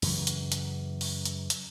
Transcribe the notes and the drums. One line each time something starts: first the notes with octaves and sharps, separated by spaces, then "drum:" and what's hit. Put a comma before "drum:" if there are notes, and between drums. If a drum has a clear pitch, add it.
F#2 C#3 E3, drum: open hi-hat
drum: hi-hat
drum: hi-hat
drum: open hi-hat
drum: hi-hat
drum: hi-hat